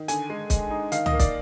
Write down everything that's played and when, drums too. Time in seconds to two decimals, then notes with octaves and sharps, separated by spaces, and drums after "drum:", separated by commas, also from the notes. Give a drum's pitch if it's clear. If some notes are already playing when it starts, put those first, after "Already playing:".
Already playing: D#3
0.08 D3 G#5, drum: hi-hat
0.30 G#3
0.50 G#3, drum: kick, hi-hat
0.70 D#4
0.92 D#3 F5, drum: hi-hat
1.06 D#5, drum: tom
1.12 A#3
1.19 D5, drum: kick, hi-hat